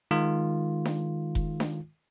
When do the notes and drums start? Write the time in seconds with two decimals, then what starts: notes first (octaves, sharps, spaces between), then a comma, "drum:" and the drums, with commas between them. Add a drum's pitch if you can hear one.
0.11 D#3 G#3 F4
0.85 drum: snare D4
1.35 drum: kick F1
1.60 drum: snare D4